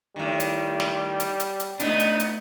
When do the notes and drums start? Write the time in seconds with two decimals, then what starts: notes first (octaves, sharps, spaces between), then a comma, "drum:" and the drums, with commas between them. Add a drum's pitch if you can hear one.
0.16 A2 D#3 G3
0.40 drum: hi-hat
0.80 drum: snare
1.20 drum: hi-hat
1.40 drum: hi-hat
1.60 drum: hi-hat
1.80 A3 B3 D4 D#4 D#5, drum: hi-hat
2.00 drum: hi-hat
2.20 drum: hi-hat